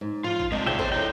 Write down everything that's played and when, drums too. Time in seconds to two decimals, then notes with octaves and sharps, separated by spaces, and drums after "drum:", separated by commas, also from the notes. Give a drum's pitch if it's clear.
0.01 G#2
0.24 F3 F4
0.40 drum: kick
0.52 G#3 C4 D4 D#5
0.66 C3 F#4 G#4 C5 D5 E5 G5
0.79 E2 A4 C5 C#5, drum: kick
0.92 D4 E4 D#5 G5